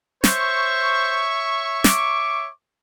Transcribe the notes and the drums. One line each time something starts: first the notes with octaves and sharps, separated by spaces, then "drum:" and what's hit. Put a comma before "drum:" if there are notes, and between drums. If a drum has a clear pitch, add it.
C5 C#5 E5 C#6, drum: snare
D6, drum: snare